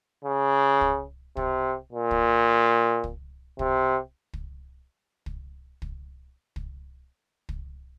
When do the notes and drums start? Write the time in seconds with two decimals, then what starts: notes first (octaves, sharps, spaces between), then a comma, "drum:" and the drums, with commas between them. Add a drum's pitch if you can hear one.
0.25 C#3
0.81 drum: kick
1.37 C3, drum: kick
1.92 A#2
2.11 drum: kick
3.04 drum: kick
3.59 C3, drum: kick
4.33 drum: kick
5.26 drum: kick
5.82 drum: kick
6.56 drum: kick
7.49 drum: kick